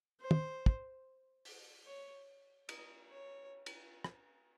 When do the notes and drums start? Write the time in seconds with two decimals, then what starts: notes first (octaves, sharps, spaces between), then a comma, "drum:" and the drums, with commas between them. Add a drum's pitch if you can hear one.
0.21 C5
0.31 drum: tom
0.66 drum: kick
1.45 drum: open hi-hat
1.86 C#5
2.69 D#5, drum: cymbal
3.10 C#5
3.66 drum: cymbal
4.04 drum: rim click